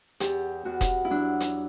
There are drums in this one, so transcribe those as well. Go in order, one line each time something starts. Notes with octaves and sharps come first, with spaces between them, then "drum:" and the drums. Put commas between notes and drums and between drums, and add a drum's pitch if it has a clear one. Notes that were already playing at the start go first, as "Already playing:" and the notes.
E2 G4, drum: hi-hat
E2 F#4
drum: kick E1, hi-hat
E4
F#3 D4
drum: hi-hat